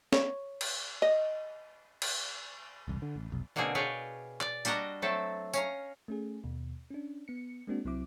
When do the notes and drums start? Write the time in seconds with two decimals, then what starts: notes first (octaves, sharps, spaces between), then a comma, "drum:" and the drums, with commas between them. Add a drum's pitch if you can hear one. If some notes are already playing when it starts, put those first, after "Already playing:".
0.13 C#5, drum: snare
0.61 drum: cymbal
1.02 D#5
2.02 drum: cymbal
2.88 E1 C2
3.02 D3
3.16 A1
3.30 F1 B1
3.56 B2 D3 A#3 C4 G#4
3.75 G#4 B4 C#5 D5 F5 G5
4.41 D5, drum: clap
4.65 G3 D4 F#4 D#5 A#5, drum: hi-hat
5.02 F#3 A3 C4 A4
5.53 C#4 F5 A#5, drum: tambourine
6.08 A3 C#4 G#4
6.44 D#2 B2
6.90 C#4 D4
7.28 B3 C#7
7.67 G#3 A#3 C4 D4 F#4
7.85 C2 F#3 C4 E4 D6